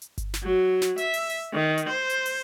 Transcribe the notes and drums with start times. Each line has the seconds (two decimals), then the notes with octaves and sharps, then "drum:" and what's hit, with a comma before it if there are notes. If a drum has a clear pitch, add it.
0.02 drum: hi-hat
0.18 drum: kick G1, hi-hat
0.34 drum: snare
0.44 F#3
0.82 drum: snare
0.98 E5, drum: hi-hat
1.14 drum: open hi-hat
1.30 drum: hi-hat
1.53 D#3
1.78 drum: hi-hat
1.90 C5
2.10 drum: hi-hat
2.26 drum: open hi-hat